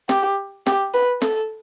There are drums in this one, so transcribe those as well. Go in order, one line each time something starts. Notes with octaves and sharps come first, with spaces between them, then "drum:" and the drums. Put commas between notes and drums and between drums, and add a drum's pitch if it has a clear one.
G4, drum: snare
G4, drum: snare
B4
A4, drum: snare